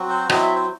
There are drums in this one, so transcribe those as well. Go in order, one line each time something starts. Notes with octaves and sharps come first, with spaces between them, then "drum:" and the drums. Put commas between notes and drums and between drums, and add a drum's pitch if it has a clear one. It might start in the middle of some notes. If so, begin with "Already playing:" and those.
Already playing: F#3 C4 F#4
C5
F#3 C4 E4 D#5, drum: rim click
E5
C5